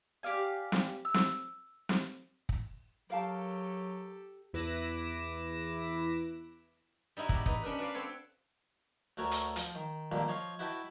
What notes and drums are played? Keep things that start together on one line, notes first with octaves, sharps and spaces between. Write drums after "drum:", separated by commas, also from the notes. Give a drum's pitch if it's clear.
G4 D5 F5 G#5
drum: snare
E6
drum: snare
drum: snare
drum: kick
F#3 G4 A4 A#4 F5 A5
E2 E4 B4 D6 A#6 E7
G3 D#4 E4 F#4
E2 G4, drum: kick
D#4 B4, drum: kick
C#4 D4 A#4 B4
F#4 B4 D5 F5
C4 A4 B4 C#5
D2 A3 F#4 A#4 C#5
drum: hi-hat
F3, drum: hi-hat
D#3
G2 A#2 D3 D#3 F3
F3 C#5 D#5 F5 C6
E4 F#4 B4 D#5 G5 A5